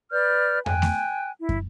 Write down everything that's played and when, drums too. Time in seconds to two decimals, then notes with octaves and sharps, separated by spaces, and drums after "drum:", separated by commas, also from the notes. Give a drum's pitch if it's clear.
0.12 B4 D5 F6 G6
0.66 G5 G#5 F#6, drum: tom F2
0.82 drum: snare A3
1.39 E4
1.49 drum: kick